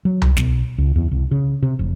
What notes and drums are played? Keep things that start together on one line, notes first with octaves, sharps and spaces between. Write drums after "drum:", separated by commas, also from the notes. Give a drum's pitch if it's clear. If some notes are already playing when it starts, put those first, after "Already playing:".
F#3
drum: tom C2
B1, drum: snare
C#2
E2
C2
C#3
C3
F1